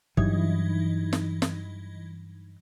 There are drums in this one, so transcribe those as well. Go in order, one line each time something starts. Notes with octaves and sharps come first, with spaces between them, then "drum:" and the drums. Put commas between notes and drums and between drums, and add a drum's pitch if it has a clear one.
G2 E3 F#3 G3 D#4 G#6, drum: kick
drum: snare
drum: snare